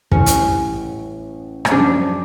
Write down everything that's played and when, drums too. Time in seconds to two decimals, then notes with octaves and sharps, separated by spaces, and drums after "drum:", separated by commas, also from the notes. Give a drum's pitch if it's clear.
0.12 A1 A2 E3 G3 C#4, drum: kick
0.26 drum: hi-hat
1.65 C#4, drum: rim click
1.71 F#2 C#3 F3 D4